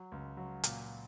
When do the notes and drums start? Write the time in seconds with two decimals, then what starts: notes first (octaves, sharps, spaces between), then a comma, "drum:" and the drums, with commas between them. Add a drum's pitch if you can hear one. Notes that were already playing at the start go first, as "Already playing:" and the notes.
Already playing: F#3
0.12 C#2
0.37 F#3
0.64 A#2, drum: hi-hat